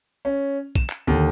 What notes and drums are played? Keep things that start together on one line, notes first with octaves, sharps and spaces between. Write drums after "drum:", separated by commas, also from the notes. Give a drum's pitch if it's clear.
C#4
E7, drum: kick
drum: clap
D#2 D3